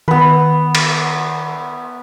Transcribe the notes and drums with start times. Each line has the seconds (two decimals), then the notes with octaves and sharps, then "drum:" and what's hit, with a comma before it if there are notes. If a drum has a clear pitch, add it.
0.08 D#3 B3 B4
0.75 drum: cymbal